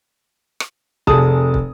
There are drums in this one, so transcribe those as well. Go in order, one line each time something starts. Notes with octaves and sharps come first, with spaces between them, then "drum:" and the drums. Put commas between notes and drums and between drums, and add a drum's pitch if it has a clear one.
drum: rim click
F1 G#4 A5 D#6, drum: kick
drum: kick